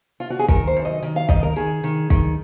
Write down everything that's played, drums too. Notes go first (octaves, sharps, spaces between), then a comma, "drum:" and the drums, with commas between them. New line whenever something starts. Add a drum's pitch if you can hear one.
F4
F#4
G#4
D#3 A#4, drum: kick
C5
F#2
D#5
D#3
F5
D#3 D#5, drum: kick
A#4
D#3 G#4
D#3
D#3, drum: kick